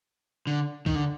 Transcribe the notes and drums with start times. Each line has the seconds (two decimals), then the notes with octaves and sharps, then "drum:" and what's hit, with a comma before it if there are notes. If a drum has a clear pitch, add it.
0.47 D3
0.86 D#3, drum: kick C2
0.95 D3